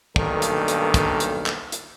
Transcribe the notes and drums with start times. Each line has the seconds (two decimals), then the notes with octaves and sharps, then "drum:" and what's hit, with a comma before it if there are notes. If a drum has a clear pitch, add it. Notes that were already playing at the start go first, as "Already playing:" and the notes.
0.16 B1 G2 D#3 A#3 D4 A4, drum: kick
0.42 drum: hi-hat
0.68 drum: hi-hat
0.94 drum: kick, hi-hat
1.20 drum: hi-hat
1.46 drum: clap
1.72 drum: hi-hat